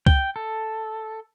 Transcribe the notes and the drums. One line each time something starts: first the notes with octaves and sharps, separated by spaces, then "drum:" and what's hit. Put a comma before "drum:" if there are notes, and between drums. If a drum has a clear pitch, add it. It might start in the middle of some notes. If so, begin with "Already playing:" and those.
G5, drum: kick C#2
A4